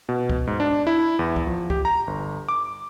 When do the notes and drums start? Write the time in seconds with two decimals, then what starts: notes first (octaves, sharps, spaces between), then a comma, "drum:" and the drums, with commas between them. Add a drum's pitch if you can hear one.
0.09 B2
0.30 drum: kick
0.47 G#2
0.60 D4
0.87 E4
1.19 E2
1.36 drum: kick
1.47 F3
1.70 G4, drum: kick
1.85 A#5
2.07 G1
2.49 D6